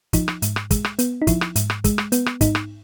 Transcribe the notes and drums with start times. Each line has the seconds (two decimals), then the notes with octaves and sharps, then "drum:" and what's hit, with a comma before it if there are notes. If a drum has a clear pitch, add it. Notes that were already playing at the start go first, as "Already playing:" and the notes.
0.13 F3 D#4, drum: kick, hi-hat
0.28 drum: rim click
0.42 G#2, drum: hi-hat
0.56 drum: rim click
0.71 G#3, drum: kick, hi-hat
0.84 drum: rim click
0.99 B3, drum: hi-hat
1.22 D#4
1.27 F3 E4, drum: kick, hi-hat
1.41 drum: rim click
1.56 G#2, drum: hi-hat
1.70 drum: rim click
1.84 G#3, drum: kick, hi-hat
1.98 drum: rim click
2.12 B3, drum: hi-hat
2.26 drum: rim click
2.41 G#2 D#4, drum: kick, hi-hat
2.55 drum: rim click